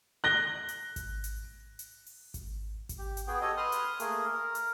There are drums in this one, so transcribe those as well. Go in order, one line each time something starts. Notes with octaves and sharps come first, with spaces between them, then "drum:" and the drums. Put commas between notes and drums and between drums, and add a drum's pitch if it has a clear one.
F#6 A#6 G7
drum: hi-hat
drum: kick G#1, hi-hat
drum: hi-hat
drum: hi-hat
drum: open hi-hat
drum: kick G#1, hi-hat
drum: kick G#1, hi-hat
G4
drum: hi-hat
B3 F#4 G#4 G5
G4 A4 C#5 D#5
B4 C6 D#6 F6 F#6
drum: hi-hat
A3 A#3 G#4 A#4, drum: hi-hat
A#4
drum: hi-hat